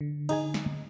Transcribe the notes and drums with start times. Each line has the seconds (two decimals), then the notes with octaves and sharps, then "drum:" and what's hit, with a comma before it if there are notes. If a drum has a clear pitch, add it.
0.01 D3
0.29 D#4 G#4 G#5, drum: cymbal
0.54 drum: snare